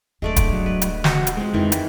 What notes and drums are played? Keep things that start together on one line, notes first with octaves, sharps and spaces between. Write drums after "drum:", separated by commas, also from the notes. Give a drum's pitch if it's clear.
D1 G#3 A3 D4 D5
drum: kick, hi-hat
F#3
B4
drum: hi-hat
F#4, drum: snare
drum: hi-hat
F3 G#3 C4
F2 D#3 E3
drum: hi-hat